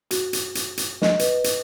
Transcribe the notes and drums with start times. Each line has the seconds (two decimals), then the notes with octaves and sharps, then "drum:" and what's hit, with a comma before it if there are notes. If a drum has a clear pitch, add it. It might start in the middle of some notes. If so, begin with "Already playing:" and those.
0.11 F#4, drum: hi-hat
0.33 drum: hi-hat
0.55 drum: hi-hat
0.77 drum: hi-hat
1.02 D#5, drum: snare
1.19 B4, drum: hi-hat
1.44 drum: hi-hat